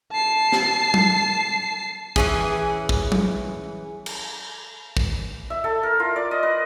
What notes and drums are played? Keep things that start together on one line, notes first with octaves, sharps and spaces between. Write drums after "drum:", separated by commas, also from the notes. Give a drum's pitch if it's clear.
A5 C7
drum: snare
drum: tom F#3
E3 C#4 G#4, drum: kick
drum: kick
drum: tom F#3
drum: cymbal
drum: kick
E5
A4
A#4
F4
D5
D#5
B4